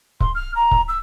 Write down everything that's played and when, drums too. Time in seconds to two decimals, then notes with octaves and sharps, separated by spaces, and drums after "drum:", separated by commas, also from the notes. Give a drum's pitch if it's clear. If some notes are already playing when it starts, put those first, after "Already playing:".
0.20 C6, drum: kick C#1
0.35 F6
0.55 A#5
0.71 drum: kick C#1
0.88 E6